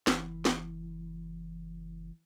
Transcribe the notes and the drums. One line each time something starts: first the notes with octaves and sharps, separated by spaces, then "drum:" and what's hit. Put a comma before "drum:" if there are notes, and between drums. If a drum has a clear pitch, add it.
F#1 E3, drum: snare
drum: snare